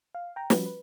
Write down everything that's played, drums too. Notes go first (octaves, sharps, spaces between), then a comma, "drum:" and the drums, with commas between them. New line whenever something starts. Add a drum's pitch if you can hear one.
F5
G5 A#5
F3 G3 C#4 F#4 B4, drum: snare
B4